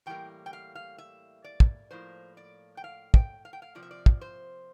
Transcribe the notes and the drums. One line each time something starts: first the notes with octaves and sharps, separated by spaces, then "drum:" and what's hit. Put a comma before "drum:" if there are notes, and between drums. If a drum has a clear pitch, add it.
A2 E3 G3 A#3 G5
G5
F5
F5
E5
D5
drum: kick
A2 F3 A#3 C5
D5
G5
F5
G5, drum: kick
F5
G5
F5
C3 F3 A#3 D5
E5
D5
drum: kick
C5